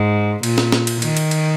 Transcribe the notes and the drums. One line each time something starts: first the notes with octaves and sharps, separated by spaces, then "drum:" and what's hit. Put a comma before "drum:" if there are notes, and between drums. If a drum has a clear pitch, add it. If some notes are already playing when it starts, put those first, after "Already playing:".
Already playing: G#2
A#2, drum: cymbal
drum: snare
drum: snare
drum: cymbal
D#3, drum: cymbal
drum: cymbal
drum: cymbal